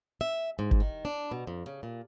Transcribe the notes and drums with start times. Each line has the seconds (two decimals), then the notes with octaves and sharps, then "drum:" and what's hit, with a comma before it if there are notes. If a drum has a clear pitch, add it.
0.21 E5
0.59 G#2
0.71 drum: kick G#1
0.80 D#3
1.05 D4
1.32 B2
1.47 F2
1.66 C#3
1.83 A#2